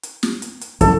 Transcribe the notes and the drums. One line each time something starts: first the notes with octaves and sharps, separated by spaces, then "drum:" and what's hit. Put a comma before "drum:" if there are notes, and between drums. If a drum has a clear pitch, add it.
drum: hi-hat
drum: snare
drum: hi-hat
drum: hi-hat
F#2 D3 E3 A4, drum: kick, hi-hat